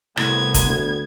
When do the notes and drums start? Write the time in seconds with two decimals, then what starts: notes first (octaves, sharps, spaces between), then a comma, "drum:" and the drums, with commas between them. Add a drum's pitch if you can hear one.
0.17 C2 A2 B3 G#6, drum: rim click
0.54 drum: kick, hi-hat
0.66 D2